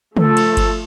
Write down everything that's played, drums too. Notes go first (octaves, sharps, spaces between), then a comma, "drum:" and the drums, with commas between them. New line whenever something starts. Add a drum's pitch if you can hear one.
F3 A3 A4, drum: tom
drum: cymbal
drum: kick G1, cymbal